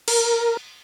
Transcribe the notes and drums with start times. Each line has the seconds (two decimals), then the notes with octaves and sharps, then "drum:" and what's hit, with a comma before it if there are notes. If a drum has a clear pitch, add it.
0.08 A#4, drum: cymbal